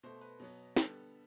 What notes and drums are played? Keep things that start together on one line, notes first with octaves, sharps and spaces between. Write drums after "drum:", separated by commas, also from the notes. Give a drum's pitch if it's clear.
B2 A3 C5
B4
B2 F#3 B3
D3 G3 B3 A4, drum: snare